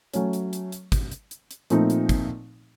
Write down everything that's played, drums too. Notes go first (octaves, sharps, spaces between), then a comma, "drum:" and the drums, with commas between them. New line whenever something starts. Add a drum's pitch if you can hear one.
F#3 A3 C#4, drum: hi-hat
drum: hi-hat
drum: hi-hat
drum: hi-hat
drum: kick, hi-hat
drum: hi-hat
drum: hi-hat
drum: hi-hat
A#2 F3 A3 C4 D#4, drum: hi-hat
drum: hi-hat
drum: kick, hi-hat